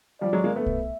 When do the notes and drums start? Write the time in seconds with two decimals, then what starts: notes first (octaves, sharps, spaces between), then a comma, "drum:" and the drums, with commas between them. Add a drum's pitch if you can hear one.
0.21 F3 G3 D5
0.33 F#3 G#3
0.44 G#3 A#3
0.56 A3 B3 E5
0.66 drum: kick